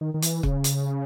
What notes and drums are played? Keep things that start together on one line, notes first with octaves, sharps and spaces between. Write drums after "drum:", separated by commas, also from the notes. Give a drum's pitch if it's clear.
D#3
D#3
E3, drum: hi-hat
C#3, drum: kick
drum: hi-hat